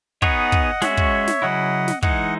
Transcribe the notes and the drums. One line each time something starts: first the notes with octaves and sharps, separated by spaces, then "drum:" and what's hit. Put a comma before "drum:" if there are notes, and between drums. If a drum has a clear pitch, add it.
B3 D#4 G#4 C#5 D#5 F#5, drum: kick
drum: kick
G#3 C#4 F#4 C#5 E5, drum: snare
drum: kick
drum: snare
C#3 F#3 C#4 E4 D#5 F#5
drum: snare
E3 G#3 D#4 D#5 F#5, drum: kick